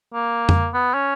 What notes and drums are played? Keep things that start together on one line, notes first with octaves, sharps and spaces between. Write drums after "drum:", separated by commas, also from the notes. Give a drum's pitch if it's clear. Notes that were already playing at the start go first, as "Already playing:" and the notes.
A#3
drum: tom F2
B3
C#4